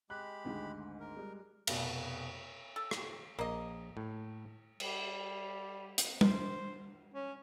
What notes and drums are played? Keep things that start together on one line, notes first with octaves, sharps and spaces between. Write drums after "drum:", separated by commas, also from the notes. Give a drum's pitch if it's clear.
G#3 G4 B5 F#6
G#1 D2 G#2
A#4
G3 G#3
F1 B2, drum: cymbal
A4
drum: rim click
A#1 A#3 D#5
A2
G3, drum: cymbal
drum: hi-hat
C5, drum: tom G3
C#4